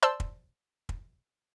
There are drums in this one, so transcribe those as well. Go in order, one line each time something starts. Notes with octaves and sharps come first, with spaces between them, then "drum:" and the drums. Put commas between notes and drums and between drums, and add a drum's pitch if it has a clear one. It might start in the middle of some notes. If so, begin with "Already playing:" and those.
C5 D5 A5 C6 E6
drum: kick
drum: kick